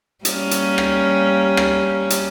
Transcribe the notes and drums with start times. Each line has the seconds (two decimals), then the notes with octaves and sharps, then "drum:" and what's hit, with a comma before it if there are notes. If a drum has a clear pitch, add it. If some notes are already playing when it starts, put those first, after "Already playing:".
0.25 G3 A#3 C#4, drum: hi-hat
0.51 drum: hi-hat
0.78 drum: rim click
1.57 drum: rim click
2.10 drum: hi-hat